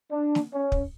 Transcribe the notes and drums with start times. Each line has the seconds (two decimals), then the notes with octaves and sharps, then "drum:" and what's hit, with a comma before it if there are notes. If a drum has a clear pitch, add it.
0.11 D4
0.35 drum: snare
0.53 C#4
0.72 drum: kick